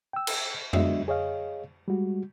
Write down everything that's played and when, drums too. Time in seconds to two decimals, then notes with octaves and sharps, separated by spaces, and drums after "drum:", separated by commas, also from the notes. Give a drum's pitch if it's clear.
0.13 G5 E6
0.27 drum: cymbal
0.73 G#3 B3 D4 F#4 D#5 E5, drum: tom F2
1.08 G#4 C#5 D#5 F5
1.88 G3 G#3 F#4